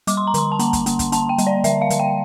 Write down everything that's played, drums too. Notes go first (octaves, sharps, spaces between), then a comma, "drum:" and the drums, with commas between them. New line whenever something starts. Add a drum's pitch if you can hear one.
G3 D6, drum: hi-hat
C6
A#5
D3 C6, drum: hi-hat
A5
A#3 A#5, drum: hi-hat
drum: kick, hi-hat
A#3, drum: hi-hat
drum: kick, hi-hat
A#3 A5, drum: hi-hat
G5
G3, drum: hi-hat
D5
D3 E5, drum: hi-hat
F5
D3, drum: hi-hat
G5